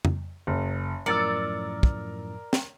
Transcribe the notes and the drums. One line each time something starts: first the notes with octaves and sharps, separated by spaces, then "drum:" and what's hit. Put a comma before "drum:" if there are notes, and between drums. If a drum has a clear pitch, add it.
drum: tom F2
F#1
F#2 A2 F3 A#4 D5 E6 A6 C#7
drum: kick
drum: snare